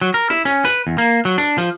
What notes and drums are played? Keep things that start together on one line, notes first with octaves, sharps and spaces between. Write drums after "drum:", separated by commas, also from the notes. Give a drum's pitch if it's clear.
F#3
A#4
E4, drum: snare
C#4, drum: hi-hat
B4, drum: hi-hat
E2
A#3
F#3
D4, drum: hi-hat
F3, drum: hi-hat